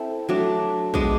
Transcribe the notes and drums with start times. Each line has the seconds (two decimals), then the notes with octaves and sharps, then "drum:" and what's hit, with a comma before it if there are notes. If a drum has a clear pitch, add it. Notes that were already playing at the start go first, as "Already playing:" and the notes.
Already playing: C4 E4 A4
0.29 F#3 A3 D4
0.94 G#3 B3 D4, drum: kick A#1